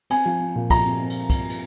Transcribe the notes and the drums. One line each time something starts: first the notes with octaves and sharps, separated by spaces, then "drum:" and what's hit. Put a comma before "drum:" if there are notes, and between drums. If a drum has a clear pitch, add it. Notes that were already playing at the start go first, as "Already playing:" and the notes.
C4 G#5, drum: cymbal
F3
C4
A#2
F3 A#5, drum: kick, cymbal
C4
C4
drum: cymbal
drum: kick, cymbal
drum: cymbal